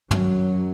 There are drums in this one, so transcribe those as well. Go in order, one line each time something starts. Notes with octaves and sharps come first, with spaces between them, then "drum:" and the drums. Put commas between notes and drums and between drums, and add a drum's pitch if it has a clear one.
F#2 F#3, drum: tom